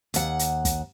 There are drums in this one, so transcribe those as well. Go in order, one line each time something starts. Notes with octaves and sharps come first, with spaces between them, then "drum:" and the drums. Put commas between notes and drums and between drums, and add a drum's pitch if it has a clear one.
D#2 F#5, drum: hi-hat
drum: hi-hat
drum: kick, hi-hat